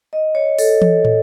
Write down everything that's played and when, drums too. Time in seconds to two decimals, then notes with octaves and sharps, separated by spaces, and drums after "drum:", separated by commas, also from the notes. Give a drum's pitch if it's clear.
0.13 D#5
0.35 C#5
0.59 A4, drum: open hi-hat
0.82 drum: tom E3
1.05 drum: tom